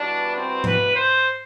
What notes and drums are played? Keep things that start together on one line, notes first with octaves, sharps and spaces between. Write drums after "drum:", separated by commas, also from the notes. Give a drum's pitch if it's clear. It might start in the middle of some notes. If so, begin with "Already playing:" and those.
Already playing: E2 B2 G3 D4
C4
B4, drum: tom G#2
C5